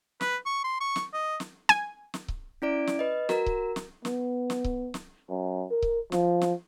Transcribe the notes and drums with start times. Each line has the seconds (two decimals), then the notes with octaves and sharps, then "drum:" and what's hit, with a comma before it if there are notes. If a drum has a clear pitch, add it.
0.21 B4, drum: snare
0.46 C#6
0.64 C6
0.80 C#6
0.96 drum: snare
1.14 D#5
1.40 drum: snare
1.69 G#5, drum: snare
2.14 drum: snare
2.28 drum: kick C#1
2.62 C#4 E4 D5 D7
2.87 drum: snare
2.99 B4 D#5
3.29 F#4 A#4 A#5, drum: snare
3.46 drum: kick C#1
3.76 drum: snare
4.05 B3, drum: snare
4.50 drum: snare
4.64 drum: kick C#1
4.94 drum: snare
5.30 F#2
5.71 A#4
5.82 drum: kick C#1
6.12 F3, drum: snare
6.41 drum: snare